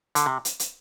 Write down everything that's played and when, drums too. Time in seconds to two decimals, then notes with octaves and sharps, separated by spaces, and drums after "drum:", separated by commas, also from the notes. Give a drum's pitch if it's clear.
0.15 D3, drum: hi-hat
0.26 C3
0.45 drum: hi-hat
0.60 drum: hi-hat